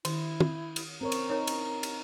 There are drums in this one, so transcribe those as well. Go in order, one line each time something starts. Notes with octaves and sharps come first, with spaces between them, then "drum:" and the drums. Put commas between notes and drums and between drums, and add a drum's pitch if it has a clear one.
D#3 E4, drum: cymbal
drum: tom
drum: cymbal
C4 A#4 C#5 A#5
drum: cymbal
D#4 A#4 C#5
drum: cymbal
drum: cymbal